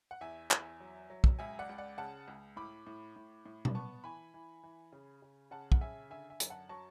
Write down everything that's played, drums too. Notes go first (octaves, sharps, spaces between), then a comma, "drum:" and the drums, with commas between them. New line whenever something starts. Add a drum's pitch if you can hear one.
F#5
E2 E5 G#5
E2, drum: clap
F#3
F#3
drum: kick
C#2 E5 G#5
D5 F#5
C#2
D5 F#5
C#3 F#5 A5
C#2
A2 B5 D6
A2
A2
A2
drum: tom B2
B3 A5 C#6
E3 G#5 B5
E3
E3
C#3
C#3
C#3 F#5 A5
F#5, drum: kick
C#3 E5 G#5
D3 E5 G#5
E5 G#5
F#2, drum: hi-hat
F#5 A5
F#3 A5 C#6